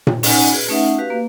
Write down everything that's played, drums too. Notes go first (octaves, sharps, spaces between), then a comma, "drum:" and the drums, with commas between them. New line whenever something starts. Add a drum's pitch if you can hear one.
drum: tom A#2
C#4 D#4 F#5 G#5, drum: open hi-hat
F#4 G#4 B4
A3 C#4 D#4 E5 F#5
F#4 G4 B4 F5
A#3